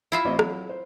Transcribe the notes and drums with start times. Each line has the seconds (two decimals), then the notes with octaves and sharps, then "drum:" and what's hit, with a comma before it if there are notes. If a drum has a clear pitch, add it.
0.12 E4 F4 E5
0.25 A1 C4 D#5
0.39 F#3, drum: rim click
0.69 C5